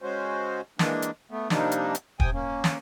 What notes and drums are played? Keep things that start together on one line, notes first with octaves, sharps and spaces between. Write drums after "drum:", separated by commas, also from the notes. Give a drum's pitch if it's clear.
C#3 G#3 C#4 F#4 C5
E3 G#3 A#3 D4, drum: snare
drum: hi-hat
A3 B3
C3 F3 G3 A#3 D4 D#4, drum: snare
drum: hi-hat
drum: hi-hat
C3 G5 G#5 D#6, drum: kick
A#3 C#4
drum: snare